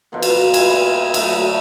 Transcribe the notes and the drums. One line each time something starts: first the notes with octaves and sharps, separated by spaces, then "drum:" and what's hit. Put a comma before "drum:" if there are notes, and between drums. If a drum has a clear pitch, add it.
B2 D3 F3 A#3
drum: cymbal
G3 E4 F5 G#5, drum: cymbal
D3 F#3 A3, drum: cymbal